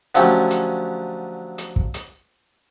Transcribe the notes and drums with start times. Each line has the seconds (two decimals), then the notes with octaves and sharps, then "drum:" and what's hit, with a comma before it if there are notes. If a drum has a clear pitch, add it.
0.15 D3 F3 F#3 A3 C#4 G4, drum: hi-hat
0.51 drum: hi-hat
1.58 drum: hi-hat
1.76 drum: kick
1.94 drum: hi-hat